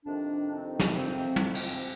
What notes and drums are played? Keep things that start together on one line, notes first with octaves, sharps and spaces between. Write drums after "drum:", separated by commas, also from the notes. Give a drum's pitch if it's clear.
F2 C3 D#3 D4
C4 D#4
drum: snare
F2 C3 F3 C4
drum: tom
C4, drum: cymbal